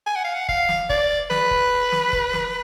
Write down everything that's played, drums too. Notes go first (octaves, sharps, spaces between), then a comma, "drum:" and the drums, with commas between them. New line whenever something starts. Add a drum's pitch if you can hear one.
G#5
F#5
F5
F#5
F5, drum: kick F1
drum: snare
D5, drum: kick F1
B4, drum: snare
drum: kick F1
drum: snare
drum: kick F1
drum: snare